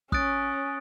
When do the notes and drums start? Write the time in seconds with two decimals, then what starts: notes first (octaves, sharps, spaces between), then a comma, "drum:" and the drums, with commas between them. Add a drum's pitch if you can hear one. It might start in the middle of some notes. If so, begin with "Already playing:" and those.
0.12 C#4 D#6 F#6 A6 D7, drum: kick